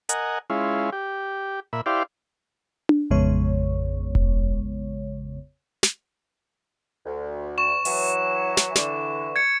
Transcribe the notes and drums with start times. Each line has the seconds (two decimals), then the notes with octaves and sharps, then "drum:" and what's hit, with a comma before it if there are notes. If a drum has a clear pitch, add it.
0.09 A#4 D#5 F#5 G#5, drum: hi-hat
0.50 G#3 C#4 E4 F4
0.92 G4
1.73 A#2 E5 B5
1.86 E4 G4 C5 D5 F5
2.89 drum: tom D4
3.11 A1 F2 C#3 G#3 B3 C#5
4.15 drum: kick E1
5.83 drum: snare
7.06 D2
7.58 C#6 E7
7.85 E3 F#3, drum: open hi-hat
8.57 drum: snare
8.75 D3 E3, drum: snare
9.36 G#6 C#7